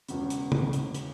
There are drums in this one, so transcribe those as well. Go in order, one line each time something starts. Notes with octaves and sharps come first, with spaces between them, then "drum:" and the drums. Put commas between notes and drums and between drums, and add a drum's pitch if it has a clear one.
E1 E2 C#3, drum: hi-hat
drum: hi-hat
drum: tom
drum: hi-hat
drum: hi-hat